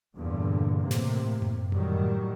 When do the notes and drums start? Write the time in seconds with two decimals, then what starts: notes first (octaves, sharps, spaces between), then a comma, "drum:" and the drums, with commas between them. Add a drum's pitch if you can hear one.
0.16 E2 G2 A#2 D3
0.80 A2 C3 A#3
0.91 drum: snare
1.42 drum: tom F#2
1.72 A2 D#3 F#3 G3, drum: tom F#2